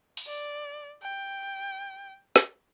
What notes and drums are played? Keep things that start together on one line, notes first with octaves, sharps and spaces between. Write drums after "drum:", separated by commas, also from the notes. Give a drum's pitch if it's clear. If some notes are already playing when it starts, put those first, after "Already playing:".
drum: open hi-hat
D5
G5
drum: snare